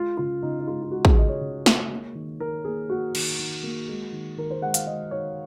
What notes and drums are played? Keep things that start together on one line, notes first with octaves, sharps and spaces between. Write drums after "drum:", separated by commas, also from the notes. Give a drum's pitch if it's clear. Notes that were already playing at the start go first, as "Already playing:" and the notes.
Already playing: G#3 F4
C#3 F4
C#3 D#4
D#4
G#3 F4
F4
G#3 F#4
G#4, drum: kick
C#3 D#5
C#5
C#3
G#3, drum: snare
A#3
D#3
D#3 A#4
A#3 G#4
A#3 F#4
D#3, drum: cymbal
D#3
A#3
G#3
D#3
D#3 A#4
C5
G#3 F#5
F5, drum: hi-hat
G#3 D#5
D#3 C#5